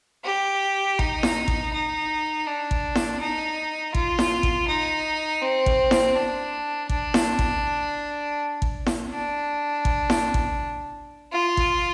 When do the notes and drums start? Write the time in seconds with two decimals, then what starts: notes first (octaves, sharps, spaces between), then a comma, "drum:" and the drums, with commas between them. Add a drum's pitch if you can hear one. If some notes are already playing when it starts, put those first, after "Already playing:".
0.25 G4
0.99 D#4, drum: kick
1.23 drum: snare E4
1.48 drum: kick
1.73 D#4
2.46 D4
2.71 drum: kick
2.95 drum: snare E4
3.21 D#4
3.95 F4, drum: kick
4.19 drum: snare E4
4.43 drum: kick
4.67 D#4
5.42 C4
5.66 drum: kick
5.91 drum: snare E4
6.15 D4
6.89 D4, drum: kick
7.14 drum: snare E4
7.39 drum: kick
8.62 drum: kick
8.86 drum: snare E4
9.11 D4
9.85 drum: kick
10.10 drum: snare E4
10.34 drum: kick
11.33 F4
11.57 drum: kick